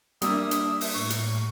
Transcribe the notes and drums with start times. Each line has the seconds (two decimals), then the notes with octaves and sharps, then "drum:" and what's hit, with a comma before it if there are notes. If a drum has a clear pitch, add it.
0.22 G3 A#3 D4 E5 D#6 E6, drum: hi-hat
0.51 drum: hi-hat
0.81 drum: open hi-hat
0.94 A2 C#6
1.10 drum: hi-hat